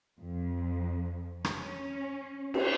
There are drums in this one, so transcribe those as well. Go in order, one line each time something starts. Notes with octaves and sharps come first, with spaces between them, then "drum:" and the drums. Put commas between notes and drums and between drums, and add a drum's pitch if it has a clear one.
F2
C#4, drum: rim click
drum: cymbal